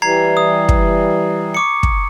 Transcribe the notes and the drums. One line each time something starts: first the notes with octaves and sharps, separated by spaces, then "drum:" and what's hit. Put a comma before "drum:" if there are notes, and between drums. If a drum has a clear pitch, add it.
E3 G3 A#5 G#6 C7
D#6
drum: kick
C#6 D6 C#7
drum: kick